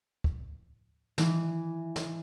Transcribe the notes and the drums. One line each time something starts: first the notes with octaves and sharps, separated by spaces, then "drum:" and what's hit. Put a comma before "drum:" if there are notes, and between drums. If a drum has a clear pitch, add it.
drum: kick
E3, drum: snare
drum: snare